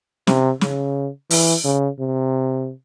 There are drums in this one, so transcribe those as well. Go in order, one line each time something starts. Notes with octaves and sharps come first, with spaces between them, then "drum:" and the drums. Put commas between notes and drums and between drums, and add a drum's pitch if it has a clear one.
C3, drum: snare
C#3, drum: snare
E3, drum: open hi-hat
C#3
C3